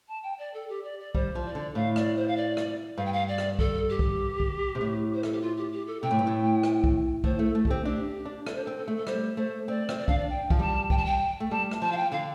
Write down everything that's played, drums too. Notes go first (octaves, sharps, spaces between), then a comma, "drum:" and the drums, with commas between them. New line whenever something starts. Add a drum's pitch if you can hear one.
A5
G5
D5
A4
G4
D5
D5
G3 C5, drum: kick
F3
D5
D3
A2 F5
D5, drum: rim click
C5
F5
D5
drum: rim click
G2 F5
G5
F5
D5
drum: rim click
A4, drum: kick
G4
drum: kick
drum: kick
C3
A2
C5
A4, drum: rim click
G4
F4
G4
G4
A4
C3 G5
A2
G2
A2
drum: rim click
drum: kick
A2 C5, drum: kick
A3
A4
A3
G4, drum: kick
C4
D4 G4
D4
D4 A4, drum: rim click
C5
C4 A4
A4
A3
A4
G3 C5, drum: rim click
A3 C5
C4 D5
C4, drum: rim click
D5
D4 F5, drum: kick
D5
G5
F3, drum: kick
G3 A5
G5, drum: kick
A5
G5
A3
G3 A5
drum: rim click
F3 A5
F5
G5
D3 F5